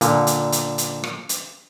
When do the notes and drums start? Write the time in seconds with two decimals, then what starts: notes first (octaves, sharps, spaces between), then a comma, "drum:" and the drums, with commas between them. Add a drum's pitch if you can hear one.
0.01 A#2 D3, drum: hi-hat
0.27 drum: hi-hat
0.52 drum: hi-hat
0.78 drum: hi-hat
1.04 drum: rim click
1.29 drum: hi-hat